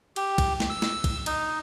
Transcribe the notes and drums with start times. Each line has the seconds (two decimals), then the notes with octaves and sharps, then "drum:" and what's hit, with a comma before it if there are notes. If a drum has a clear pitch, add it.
0.16 G4, drum: cymbal
0.38 drum: kick, cymbal
0.60 drum: snare
0.70 E6
0.82 drum: snare
1.04 drum: kick, cymbal
1.26 D#4, drum: cymbal